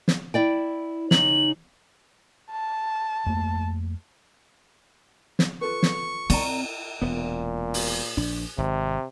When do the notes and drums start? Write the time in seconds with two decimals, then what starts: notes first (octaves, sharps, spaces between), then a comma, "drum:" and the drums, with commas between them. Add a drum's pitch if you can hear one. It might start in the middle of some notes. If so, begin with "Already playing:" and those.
0.08 drum: snare
0.34 E4 D5 G5
1.11 C#3 D#4 F#7, drum: snare
2.51 A5
3.26 F2 A3 A#3
5.39 drum: snare
5.61 F4 A4 B4 C#6
5.83 drum: snare
6.30 C4 D5 A#5, drum: cymbal
7.02 E1 A#2 B3
7.74 drum: open hi-hat
8.17 A#1 D4
8.58 G#1 C3